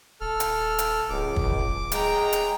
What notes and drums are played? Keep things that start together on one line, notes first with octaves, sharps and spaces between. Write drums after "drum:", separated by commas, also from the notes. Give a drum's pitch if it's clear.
D#1 A4 F6
drum: hi-hat
drum: hi-hat
D1 C#2 D6
drum: kick
G#3 G5 A#5, drum: hi-hat
drum: hi-hat